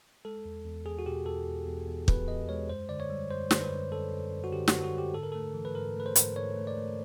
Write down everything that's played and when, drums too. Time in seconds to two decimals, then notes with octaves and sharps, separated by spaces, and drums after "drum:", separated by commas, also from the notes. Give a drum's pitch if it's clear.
0.25 G#3 A4
0.45 E2
0.65 E2
0.86 E2 G#4
0.99 F#4
1.06 B2 G4
1.26 E2 A4
1.47 E2
1.67 E2
1.88 E2
2.08 E2 B4, drum: kick
2.28 E2 D#5
2.49 G#3 C#5
2.70 F#2 C5
2.89 D3 D5
3.00 C#5
3.10 G3
3.31 F#2 C5
3.51 D3, drum: snare
3.56 C5
3.61 B4
3.72 F#2
3.92 F#2 A4
4.12 F#2
4.33 F#2
4.44 F#4
4.53 D3 G4
4.68 F#4, drum: snare
4.74 D3
4.84 F#4
4.94 D3 G4
5.14 G#2 A4
5.23 A#4
5.32 A3 A4
5.54 E3
5.65 B4
5.75 G#2 A#4
5.96 A3 B4
6.06 C5
6.16 G#2, drum: hi-hat
6.36 G#2 C#5
6.56 A3
6.67 D5
6.77 A3